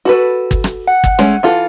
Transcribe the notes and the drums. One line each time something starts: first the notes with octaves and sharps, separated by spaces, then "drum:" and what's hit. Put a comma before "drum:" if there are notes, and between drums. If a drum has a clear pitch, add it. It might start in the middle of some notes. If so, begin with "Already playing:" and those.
F#4 A4 B4
drum: kick G1
drum: rim click
F#5
drum: kick G1
G#3 A3 C#4, drum: rim click
E3 F4 A4